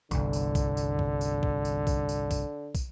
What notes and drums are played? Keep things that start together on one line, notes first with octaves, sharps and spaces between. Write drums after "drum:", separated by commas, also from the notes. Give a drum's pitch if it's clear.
G1 C2 D3, drum: kick, tambourine
drum: tambourine
drum: kick, tambourine
drum: tambourine
drum: kick
drum: tambourine
drum: kick
drum: tambourine
drum: kick, tambourine
drum: tambourine
drum: kick, tambourine
drum: kick, tambourine